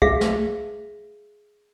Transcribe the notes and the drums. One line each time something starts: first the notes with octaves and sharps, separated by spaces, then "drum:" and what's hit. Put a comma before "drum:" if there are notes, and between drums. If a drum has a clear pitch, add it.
G#4 E5 F5, drum: kick
drum: snare